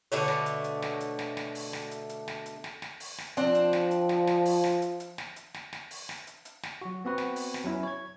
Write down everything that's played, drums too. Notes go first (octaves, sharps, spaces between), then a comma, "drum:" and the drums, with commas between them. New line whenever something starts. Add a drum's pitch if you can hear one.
B2 D3 A3 C#5
drum: snare
drum: hi-hat
drum: hi-hat
drum: snare
drum: hi-hat
drum: snare
drum: snare
drum: open hi-hat
drum: snare
drum: hi-hat
drum: hi-hat
drum: snare
drum: hi-hat
drum: snare
drum: snare
drum: open hi-hat
drum: snare
F3 C4 D4, drum: hi-hat
drum: hi-hat
drum: snare
drum: hi-hat
drum: snare
drum: snare
drum: open hi-hat
drum: snare
drum: hi-hat
drum: hi-hat
drum: snare
drum: hi-hat
drum: snare
drum: snare
drum: open hi-hat
drum: snare
drum: hi-hat
drum: hi-hat
drum: snare
F#3 F#4
B3 C4 F#4 B4
drum: snare
drum: open hi-hat
drum: snare
F#3 C#4 E4
C#5 G#6